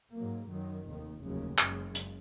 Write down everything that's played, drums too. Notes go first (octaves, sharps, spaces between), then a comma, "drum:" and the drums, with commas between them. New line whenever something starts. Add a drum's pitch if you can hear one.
G#2 F#3 A#3
F#2 D#3 F#3
F1 D#2 D#3
F1 D#2 C#3 F#3
F#1 F#2 C#3 G#3, drum: clap
drum: hi-hat